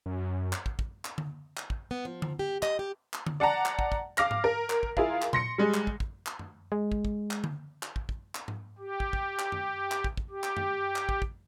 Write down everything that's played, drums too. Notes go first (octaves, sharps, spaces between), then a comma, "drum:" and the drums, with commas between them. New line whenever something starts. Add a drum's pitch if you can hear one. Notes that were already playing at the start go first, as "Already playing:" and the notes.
F#2
drum: clap
drum: kick
drum: kick
drum: clap
drum: tom D3
drum: clap
drum: kick
B3
F3
drum: tom D3
G4
D#5, drum: clap
G4
drum: clap
drum: tom D3
D5 F#5 A5 A#5
drum: clap
drum: kick
drum: kick
F5 D6 F6 A#6, drum: clap
drum: tom G#2
A#4
drum: clap
drum: kick
E4 F4 G#4 A#4 F5, drum: kick
drum: clap
C6 A#6 C#7, drum: tom A#2
G3 G#3
drum: clap
drum: kick
drum: kick
drum: clap
drum: tom F#2
G#3
drum: kick
drum: kick
drum: clap
drum: tom D3
drum: clap
drum: kick
drum: kick
drum: clap
drum: tom G#2
G4
drum: kick
drum: kick
drum: clap
drum: tom F#2
drum: clap
drum: kick
drum: kick
G4
drum: clap
drum: tom F#2
drum: clap
drum: kick
drum: kick